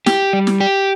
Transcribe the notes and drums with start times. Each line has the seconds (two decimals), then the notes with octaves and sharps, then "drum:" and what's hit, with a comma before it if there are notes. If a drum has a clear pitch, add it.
0.06 G4, drum: snare
0.33 G3
0.47 drum: snare
0.61 G4